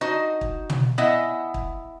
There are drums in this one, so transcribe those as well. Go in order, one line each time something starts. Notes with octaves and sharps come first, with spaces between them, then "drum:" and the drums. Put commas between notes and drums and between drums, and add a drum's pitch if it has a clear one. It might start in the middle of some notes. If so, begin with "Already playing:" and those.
D#4 F#4 C5 D#5
drum: kick
drum: tom
B3 E4 D#5 E5 F#5 G#5
drum: kick